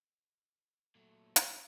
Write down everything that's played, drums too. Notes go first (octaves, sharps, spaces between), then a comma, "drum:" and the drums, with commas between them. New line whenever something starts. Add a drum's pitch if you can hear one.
A#2 F#3 A3
drum: hi-hat